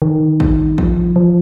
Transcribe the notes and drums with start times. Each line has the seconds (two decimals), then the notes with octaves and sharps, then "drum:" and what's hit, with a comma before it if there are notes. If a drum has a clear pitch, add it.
0.02 D#3
0.40 drum: kick
0.78 F3, drum: kick
1.16 F3